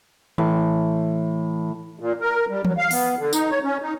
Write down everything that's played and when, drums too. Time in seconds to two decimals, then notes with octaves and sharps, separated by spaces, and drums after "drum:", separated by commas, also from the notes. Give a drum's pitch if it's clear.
0.38 A2 E3
2.00 A#2
2.21 A#4
2.49 G3
2.65 F#3, drum: tom E3
2.78 F5
2.91 B3, drum: open hi-hat
3.19 D3
3.33 D#4, drum: tambourine
3.51 C#5
3.64 C#4
3.82 D#4